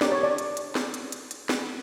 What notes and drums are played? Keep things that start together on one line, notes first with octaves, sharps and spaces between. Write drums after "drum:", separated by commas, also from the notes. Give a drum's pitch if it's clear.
D4 G4 A#4 C#5 D5, drum: snare
C#5
D5
drum: hi-hat
drum: hi-hat
drum: snare
drum: hi-hat
drum: hi-hat
drum: hi-hat
drum: snare